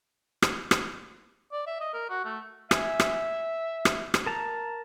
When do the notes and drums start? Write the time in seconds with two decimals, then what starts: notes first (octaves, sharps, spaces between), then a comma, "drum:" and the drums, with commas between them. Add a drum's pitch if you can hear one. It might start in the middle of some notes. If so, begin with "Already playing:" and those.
0.42 drum: rim click
0.71 drum: rim click
1.52 D5
1.67 E5
1.80 D#5
1.93 A#4
2.09 F#4
2.25 A3
2.71 E5 G#5, drum: rim click
3.00 drum: rim click
3.85 drum: rim click
4.14 drum: rim click
4.26 A#4 A5 A#5